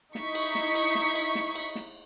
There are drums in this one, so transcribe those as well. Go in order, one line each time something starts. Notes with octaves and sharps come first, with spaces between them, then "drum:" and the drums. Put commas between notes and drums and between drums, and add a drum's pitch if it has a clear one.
D#4 E4 C#6 B6, drum: snare
drum: cymbal
drum: snare
drum: cymbal
drum: snare
drum: cymbal
drum: snare
drum: cymbal
drum: snare